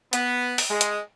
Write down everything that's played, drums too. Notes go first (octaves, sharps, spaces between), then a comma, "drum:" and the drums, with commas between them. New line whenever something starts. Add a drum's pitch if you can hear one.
B3, drum: hi-hat
drum: open hi-hat
G#3
drum: hi-hat